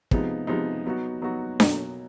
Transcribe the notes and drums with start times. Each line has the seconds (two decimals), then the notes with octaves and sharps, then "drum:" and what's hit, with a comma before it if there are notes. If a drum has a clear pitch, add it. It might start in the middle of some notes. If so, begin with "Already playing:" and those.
0.11 C3 F3 G#3 B3 D#4, drum: kick
0.47 C3 F3 G#3 B3 D#4
0.86 F#3 B3 D#4 F#4
1.22 F#3 B3 D#4 F#4
1.60 B2 F#3 A#3, drum: snare D4